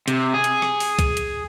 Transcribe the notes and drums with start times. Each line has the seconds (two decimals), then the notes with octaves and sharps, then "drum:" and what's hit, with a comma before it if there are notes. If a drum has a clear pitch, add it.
0.08 C3, drum: hi-hat
0.34 G#4
0.44 drum: hi-hat
0.62 drum: rim click
0.80 drum: open hi-hat
0.99 drum: kick C2, hi-hat
1.17 drum: hi-hat